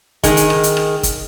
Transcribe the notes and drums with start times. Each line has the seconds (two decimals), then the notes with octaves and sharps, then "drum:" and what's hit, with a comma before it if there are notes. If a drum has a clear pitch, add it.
0.23 D#3 G#3, drum: kick, hi-hat
0.37 drum: hi-hat
0.50 drum: rim click
0.63 drum: hi-hat
0.77 drum: rim click
1.03 drum: kick, hi-hat